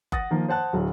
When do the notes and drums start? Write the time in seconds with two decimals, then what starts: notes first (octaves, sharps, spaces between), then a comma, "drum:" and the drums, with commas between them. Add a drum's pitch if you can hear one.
0.12 F#5 D#6 A6 A#6, drum: kick F#1
0.31 D#3 F3 A#3
0.48 C5 F#5 A5 F#6
0.73 D1 F#3